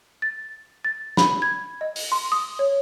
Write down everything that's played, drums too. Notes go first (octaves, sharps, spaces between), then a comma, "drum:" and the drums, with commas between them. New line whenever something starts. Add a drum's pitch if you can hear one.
A6
A6
B5, drum: snare
G#6
D#5
drum: open hi-hat
C6
D#6
C#5